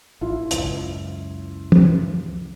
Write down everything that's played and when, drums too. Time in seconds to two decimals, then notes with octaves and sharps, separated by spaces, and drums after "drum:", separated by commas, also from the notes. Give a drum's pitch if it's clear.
0.21 A1 E4 F4
0.51 C#2 F#2, drum: hi-hat
1.72 drum: tom